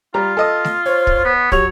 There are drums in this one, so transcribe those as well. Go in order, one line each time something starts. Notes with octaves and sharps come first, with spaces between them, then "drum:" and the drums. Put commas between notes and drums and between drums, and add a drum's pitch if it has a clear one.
G3 F4 A#5
A4 D#5 D#6
drum: snare A3
C5 C#5
drum: kick
B3
F#3 G4 C#5 F7, drum: kick